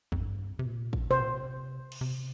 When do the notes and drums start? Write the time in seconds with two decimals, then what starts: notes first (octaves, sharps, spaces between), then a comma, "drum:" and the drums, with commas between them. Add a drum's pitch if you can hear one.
0.12 F2, drum: kick
0.21 G2
0.59 C3
0.66 A#2
0.93 drum: kick
1.10 C3 C5
1.21 A#2
1.31 C3
1.92 drum: cymbal
2.01 C3